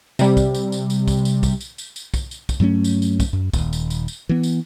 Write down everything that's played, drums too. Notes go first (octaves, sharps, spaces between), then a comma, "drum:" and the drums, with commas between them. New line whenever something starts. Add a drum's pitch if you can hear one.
C3 G3, drum: tambourine
drum: kick, tambourine
drum: tambourine
drum: tambourine
drum: tambourine
drum: kick, tambourine
drum: tambourine
drum: kick, tambourine
drum: tambourine
drum: tambourine
drum: tambourine
drum: kick, tambourine
drum: tambourine
drum: kick, tambourine
G2 F#3 A3 C#4
drum: tambourine
drum: tambourine
drum: kick, tambourine
F#2
D#1, drum: kick, tambourine
drum: tambourine
drum: tambourine
drum: tambourine
E3 B3
drum: tambourine